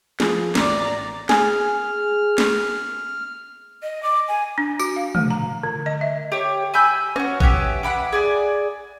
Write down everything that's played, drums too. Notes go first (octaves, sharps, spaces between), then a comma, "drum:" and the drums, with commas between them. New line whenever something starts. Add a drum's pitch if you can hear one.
F3 G#4, drum: snare
A1 D5 A#5, drum: snare
G#4 F6, drum: snare
drum: snare
D#5
D6
G#5
D4
F#4, drum: tambourine
F5
A3, drum: tom
A#5
D3
D#5
E5
G4 C#5
G#5 B5 E6 G6
C#4 F#4, drum: rim click
B3 C#4 G4 E5, drum: kick A1
F#5 G5 B5 D6
G#4 D5 G#5